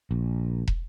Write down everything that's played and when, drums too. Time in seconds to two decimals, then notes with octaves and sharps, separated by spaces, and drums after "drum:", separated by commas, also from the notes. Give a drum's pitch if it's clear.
0.11 A#1
0.67 drum: kick